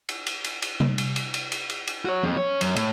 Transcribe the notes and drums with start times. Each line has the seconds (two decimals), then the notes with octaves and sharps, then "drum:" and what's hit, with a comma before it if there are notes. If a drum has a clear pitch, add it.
0.09 drum: cymbal
0.27 drum: cymbal
0.44 drum: cymbal
0.62 drum: cymbal
0.80 drum: tom C3
0.98 drum: cymbal
1.16 drum: cymbal
1.34 drum: cymbal
1.52 drum: cymbal
1.70 drum: cymbal
1.87 drum: cymbal
2.05 F#4 C#5
2.23 F2, drum: tom F3
2.37 C#4 C#5
2.61 F#2, drum: cymbal
2.76 A2, drum: cymbal